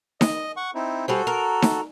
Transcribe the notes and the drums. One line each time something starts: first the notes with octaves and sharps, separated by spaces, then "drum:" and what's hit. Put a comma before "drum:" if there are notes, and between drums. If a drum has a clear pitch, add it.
D#5, drum: snare D#4
F#5 C#6
C4 D#4 E4
G3 F#4 G#4 A4 C5
A#4
drum: snare D#4